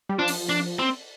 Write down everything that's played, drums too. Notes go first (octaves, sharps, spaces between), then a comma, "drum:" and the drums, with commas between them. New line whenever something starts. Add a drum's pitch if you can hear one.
G3
F3 D4
drum: open hi-hat
D4
C4